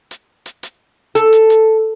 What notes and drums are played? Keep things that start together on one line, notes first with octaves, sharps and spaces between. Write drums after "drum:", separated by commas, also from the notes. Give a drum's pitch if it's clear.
drum: hi-hat
drum: hi-hat
drum: hi-hat
A4, drum: hi-hat
drum: hi-hat
drum: hi-hat